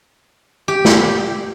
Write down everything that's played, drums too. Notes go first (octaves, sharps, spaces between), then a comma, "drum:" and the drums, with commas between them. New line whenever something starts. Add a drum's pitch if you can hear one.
G4
drum: snare